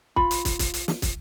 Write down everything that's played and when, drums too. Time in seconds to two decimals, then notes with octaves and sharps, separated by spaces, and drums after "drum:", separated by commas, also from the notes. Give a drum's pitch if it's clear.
0.16 F4 B5, drum: kick
0.31 drum: hi-hat
0.45 drum: kick, hi-hat
0.59 drum: kick, hi-hat
0.74 drum: hi-hat
0.88 drum: snare
1.02 drum: kick, hi-hat